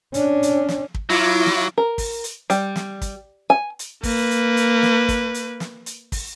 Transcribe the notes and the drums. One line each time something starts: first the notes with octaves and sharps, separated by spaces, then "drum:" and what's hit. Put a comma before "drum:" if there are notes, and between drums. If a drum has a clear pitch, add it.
C#4 D4, drum: hi-hat
drum: hi-hat
drum: snare
drum: kick
F#3 E4 F4 D6
drum: snare
A#4
drum: kick, open hi-hat
drum: hi-hat
G3, drum: hi-hat
drum: snare
drum: kick, hi-hat
G#5
drum: hi-hat
A#3 B4, drum: kick, open hi-hat
drum: hi-hat
drum: hi-hat
drum: snare
drum: kick, hi-hat
drum: hi-hat
drum: snare
drum: hi-hat
drum: kick, open hi-hat